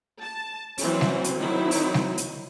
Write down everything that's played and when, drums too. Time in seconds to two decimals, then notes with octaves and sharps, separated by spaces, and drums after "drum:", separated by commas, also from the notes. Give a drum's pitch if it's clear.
0.23 A5
0.78 E3 F#3 C4 C#4, drum: open hi-hat
1.01 drum: snare G3
1.24 drum: hi-hat
1.39 D#3 F#3 C4 D#4 E4
1.71 drum: open hi-hat
1.94 drum: snare G3
2.18 drum: hi-hat